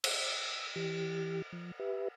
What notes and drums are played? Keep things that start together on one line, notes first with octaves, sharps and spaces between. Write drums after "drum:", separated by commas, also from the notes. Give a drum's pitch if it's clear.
E6, drum: cymbal
E3 G4
F3
G4 B4 E5